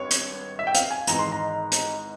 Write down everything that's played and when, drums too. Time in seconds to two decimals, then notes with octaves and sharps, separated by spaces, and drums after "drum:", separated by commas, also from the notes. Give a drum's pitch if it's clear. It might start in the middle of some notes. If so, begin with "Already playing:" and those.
Already playing: G#1 G2 C#5
0.11 drum: hi-hat
0.59 E5
0.67 G5
0.75 F5, drum: hi-hat
0.91 G#5
1.07 G#1 G#2 E3 A#5, drum: hi-hat
1.19 C6
1.32 A#5
1.72 drum: hi-hat